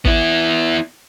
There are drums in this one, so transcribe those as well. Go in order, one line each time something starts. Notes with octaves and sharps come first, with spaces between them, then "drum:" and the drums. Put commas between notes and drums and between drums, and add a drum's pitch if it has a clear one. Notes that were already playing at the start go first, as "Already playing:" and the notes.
B3 E4, drum: kick